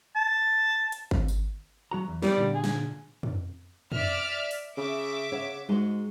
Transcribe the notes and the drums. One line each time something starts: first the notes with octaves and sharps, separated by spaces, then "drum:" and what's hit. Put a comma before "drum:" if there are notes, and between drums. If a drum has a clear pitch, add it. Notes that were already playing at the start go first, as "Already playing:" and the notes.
A5
drum: hi-hat
drum: kick G#1
drum: tambourine
F#3 F#4 A#5
E2
G3 B3 E4 A#4, drum: snare
A#2 D3
G#4
drum: snare
drum: tom
D5 E5 F6, drum: tom
drum: open hi-hat
C#3 E5 D6
C#3 C#5 F#5
G#2 G#3 F#4